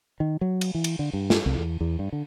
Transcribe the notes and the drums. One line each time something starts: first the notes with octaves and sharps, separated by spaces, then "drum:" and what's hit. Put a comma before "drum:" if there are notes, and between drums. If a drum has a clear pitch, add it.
D#3
F#3
drum: cymbal
E3
drum: cymbal
D3
G2
drum: snare
C2
E2
E2
G2
D3